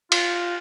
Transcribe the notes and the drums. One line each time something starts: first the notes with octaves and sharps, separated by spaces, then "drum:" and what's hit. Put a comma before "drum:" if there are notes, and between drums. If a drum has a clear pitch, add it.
F4, drum: cymbal